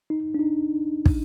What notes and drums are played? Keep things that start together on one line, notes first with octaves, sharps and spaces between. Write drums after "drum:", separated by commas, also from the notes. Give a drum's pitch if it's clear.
D#4
D4
D#4
drum: kick